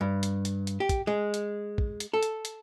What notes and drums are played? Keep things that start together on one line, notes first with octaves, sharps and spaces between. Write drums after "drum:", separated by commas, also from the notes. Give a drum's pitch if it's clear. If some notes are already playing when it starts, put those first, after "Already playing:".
G2
drum: hi-hat
drum: hi-hat
drum: hi-hat
G4
drum: kick, hi-hat
G#3
drum: hi-hat
drum: kick
drum: hi-hat
A4
drum: hi-hat
drum: hi-hat